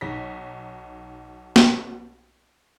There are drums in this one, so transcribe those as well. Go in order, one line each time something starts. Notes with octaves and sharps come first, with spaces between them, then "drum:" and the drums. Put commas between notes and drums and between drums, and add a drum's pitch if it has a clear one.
B1 D#4 C#5 A#6 B6
drum: snare